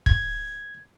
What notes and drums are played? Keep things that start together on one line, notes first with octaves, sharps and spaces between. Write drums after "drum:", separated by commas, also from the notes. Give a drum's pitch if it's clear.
G#6, drum: kick